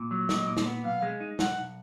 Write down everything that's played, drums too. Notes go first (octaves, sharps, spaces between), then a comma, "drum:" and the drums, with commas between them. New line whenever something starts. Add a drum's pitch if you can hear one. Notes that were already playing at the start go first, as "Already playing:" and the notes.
Already playing: A#2
F#3
A#2 D#5, drum: snare
A#2
drum: snare
B3
B1 F5
G#3
D#4
B1 F#5, drum: snare
B1